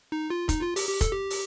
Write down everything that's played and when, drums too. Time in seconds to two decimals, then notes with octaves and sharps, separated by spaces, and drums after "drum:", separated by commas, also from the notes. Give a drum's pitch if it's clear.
0.12 D#4
0.30 F4
0.49 D#4, drum: kick F1, hi-hat
0.61 F4
0.76 G4, drum: open hi-hat
0.89 G4
1.01 A4, drum: kick F1, hi-hat
1.12 G4
1.30 drum: open hi-hat